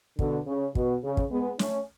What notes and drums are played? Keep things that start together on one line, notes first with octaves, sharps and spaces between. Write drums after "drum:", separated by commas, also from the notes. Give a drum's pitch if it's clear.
B2 D3, drum: kick
C#3
B2, drum: kick
C#3
drum: kick
G#3 B3
A3 C#4, drum: snare